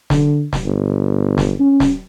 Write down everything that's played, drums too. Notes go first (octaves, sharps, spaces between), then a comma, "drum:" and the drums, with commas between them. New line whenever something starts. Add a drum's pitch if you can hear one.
D3, drum: snare
drum: snare
G1
drum: snare
C#4
drum: snare